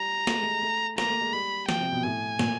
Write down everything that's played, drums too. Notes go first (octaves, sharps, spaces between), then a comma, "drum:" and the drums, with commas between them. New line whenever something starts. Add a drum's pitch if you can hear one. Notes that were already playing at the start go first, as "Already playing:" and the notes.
Already playing: G3 A#5
A3, drum: snare
G#3
A3
A3
A#3 A#5, drum: snare
A3
G#3
G3 B5
F3 G5, drum: snare
C3
B2
A2 G#5
A#2, drum: snare